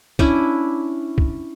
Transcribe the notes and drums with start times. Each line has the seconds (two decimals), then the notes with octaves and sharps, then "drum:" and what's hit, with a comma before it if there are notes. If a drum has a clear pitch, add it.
0.19 C#4 D4 E4, drum: kick
1.18 drum: kick